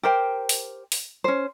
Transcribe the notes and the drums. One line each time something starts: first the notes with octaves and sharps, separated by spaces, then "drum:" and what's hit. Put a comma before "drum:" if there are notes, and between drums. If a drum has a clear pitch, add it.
G4 A#4 C5 G5
drum: open hi-hat
drum: open hi-hat
C#4 C5